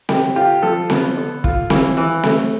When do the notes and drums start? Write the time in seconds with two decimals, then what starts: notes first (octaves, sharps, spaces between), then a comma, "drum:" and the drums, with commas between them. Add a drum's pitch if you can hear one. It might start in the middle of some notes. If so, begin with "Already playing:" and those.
0.09 D3 G4, drum: snare C4
0.36 F4 G4
0.63 F3 A4
0.90 B3, drum: snare C4
1.17 D3
1.44 F4, drum: kick
1.70 E3, drum: snare C4
1.97 E3
2.24 A3, drum: snare C4